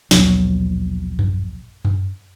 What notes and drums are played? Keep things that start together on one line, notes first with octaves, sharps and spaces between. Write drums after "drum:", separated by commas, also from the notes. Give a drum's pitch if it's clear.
A#1 D#2 B2 F#3, drum: snare
drum: tom F#2
drum: tom F#2